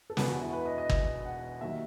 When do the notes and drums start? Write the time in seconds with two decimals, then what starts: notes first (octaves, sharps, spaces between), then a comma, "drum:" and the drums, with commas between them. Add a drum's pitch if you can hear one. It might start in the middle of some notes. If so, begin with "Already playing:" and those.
0.10 A4
0.17 E1 E2 B2 B4, drum: snare
0.29 F#4
0.42 E4
0.53 B4
0.66 D#5
0.78 D#5
0.90 drum: kick
1.25 F#5
1.61 D#2 D#3 F#3 E5